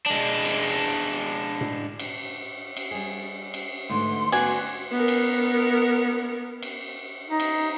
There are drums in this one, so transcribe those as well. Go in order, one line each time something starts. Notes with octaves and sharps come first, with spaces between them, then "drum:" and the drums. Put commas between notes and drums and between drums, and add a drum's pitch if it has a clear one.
G#3 D4
drum: cymbal
drum: tom A2
drum: cymbal
drum: cymbal
G3 G#4
drum: cymbal
D2 G#2 D3 E3 C6
B3 F#4 D5 G#5, drum: cymbal
B3 A#4
drum: cymbal
drum: cymbal
D#4
drum: cymbal